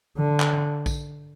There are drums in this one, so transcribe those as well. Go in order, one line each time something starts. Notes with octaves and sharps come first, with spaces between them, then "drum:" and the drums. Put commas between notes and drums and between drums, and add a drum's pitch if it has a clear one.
D3
drum: clap
drum: kick A#1, tambourine